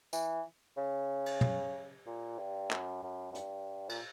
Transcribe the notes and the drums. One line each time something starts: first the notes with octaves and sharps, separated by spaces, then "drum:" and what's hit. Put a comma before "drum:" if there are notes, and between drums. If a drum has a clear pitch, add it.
E3, drum: tambourine
C#3
drum: cymbal
drum: tom
A#2
G2
F#2, drum: clap
F#2
F#2
G2, drum: hi-hat
A#2, drum: cymbal